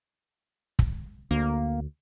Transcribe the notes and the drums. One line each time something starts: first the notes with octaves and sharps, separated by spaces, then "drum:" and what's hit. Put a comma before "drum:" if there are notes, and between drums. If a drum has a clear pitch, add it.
drum: kick
D2 A#3